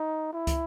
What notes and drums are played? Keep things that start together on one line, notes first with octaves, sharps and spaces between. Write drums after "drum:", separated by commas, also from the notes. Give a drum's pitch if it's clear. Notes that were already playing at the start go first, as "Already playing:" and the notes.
Already playing: D#4
E4
drum: kick, hi-hat